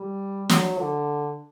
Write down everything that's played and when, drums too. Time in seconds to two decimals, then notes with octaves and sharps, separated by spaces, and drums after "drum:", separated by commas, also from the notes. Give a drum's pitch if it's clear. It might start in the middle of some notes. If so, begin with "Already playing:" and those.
Already playing: G3
0.49 F#3, drum: snare
0.79 D3